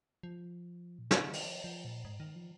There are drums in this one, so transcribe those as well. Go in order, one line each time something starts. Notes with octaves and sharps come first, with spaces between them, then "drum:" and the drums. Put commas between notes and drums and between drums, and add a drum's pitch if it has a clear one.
F3
A#2
C3, drum: snare
D3
D#3, drum: open hi-hat
F3
F3
A#2
G#2
D#3
F3